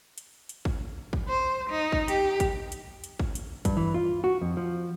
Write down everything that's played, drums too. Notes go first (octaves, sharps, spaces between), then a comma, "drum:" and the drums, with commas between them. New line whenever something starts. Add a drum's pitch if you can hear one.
drum: hi-hat
drum: hi-hat
drum: kick
drum: kick
C5
D#4
drum: kick
G4, drum: hi-hat
drum: kick, hi-hat
drum: hi-hat
drum: hi-hat
drum: kick
drum: hi-hat
G2, drum: kick, hi-hat
E3
F4
F#4
F2
F3